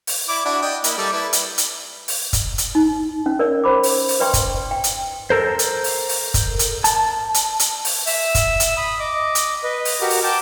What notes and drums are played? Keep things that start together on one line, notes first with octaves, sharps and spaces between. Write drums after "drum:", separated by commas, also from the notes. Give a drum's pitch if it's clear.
drum: open hi-hat
E4 D5 D6
D4 E4 F#4
D#5 G5
A#3 E4, drum: hi-hat
G3 A4 D5
E4 B4
drum: hi-hat
drum: hi-hat
drum: open hi-hat
drum: kick, hi-hat
drum: hi-hat
D#4
C#4
A#4 C#5 D5
C5 B5 D6
drum: open hi-hat
drum: open hi-hat
B4 D5 G5 C6 C#6
drum: kick, hi-hat
G5
drum: hi-hat
A4 A#4 C5
drum: hi-hat
drum: open hi-hat
drum: open hi-hat
drum: kick, hi-hat
drum: hi-hat
A5, drum: hi-hat
drum: hi-hat
drum: hi-hat
drum: open hi-hat
E5 E6, drum: open hi-hat
drum: kick, hi-hat
drum: hi-hat
B5 D#6
D#5 D6
drum: hi-hat
B4 D#5
drum: open hi-hat
F#4 G4 A#4
drum: open hi-hat
G5 A5 D6